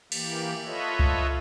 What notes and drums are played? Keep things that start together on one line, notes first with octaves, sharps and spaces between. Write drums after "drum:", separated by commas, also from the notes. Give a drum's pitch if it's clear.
E3 A#3 G4, drum: cymbal
F4 A4 B4 C#5 D#5 E5
drum: kick C#2